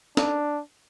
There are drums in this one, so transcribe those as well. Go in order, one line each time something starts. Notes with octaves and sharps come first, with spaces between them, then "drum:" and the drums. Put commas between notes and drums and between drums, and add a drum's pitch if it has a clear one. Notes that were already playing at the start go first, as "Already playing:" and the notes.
D4, drum: snare